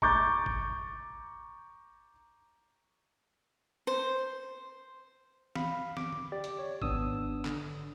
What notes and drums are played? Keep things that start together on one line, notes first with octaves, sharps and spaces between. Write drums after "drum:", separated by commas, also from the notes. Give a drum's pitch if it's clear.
A#5 C#6 D6 G6 A6, drum: kick G#1
drum: kick G#1
C5
F5 B5, drum: snare
D6, drum: snare
drum: tom D3
G4 D5
drum: hi-hat
C#5
G#1 B3 D4 D#6 E6, drum: kick G#1
D3, drum: clap